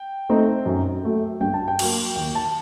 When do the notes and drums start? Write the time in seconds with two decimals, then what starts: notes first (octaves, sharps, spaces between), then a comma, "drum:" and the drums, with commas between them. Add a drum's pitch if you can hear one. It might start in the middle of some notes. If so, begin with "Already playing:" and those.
Already playing: G5
0.29 A3 C4 D#4
0.66 F#2
1.04 F#3 A3
1.41 G2 G5
1.54 A5
1.68 G5
1.79 F#3 A#3, drum: cymbal
2.16 D#2 G5
2.35 A5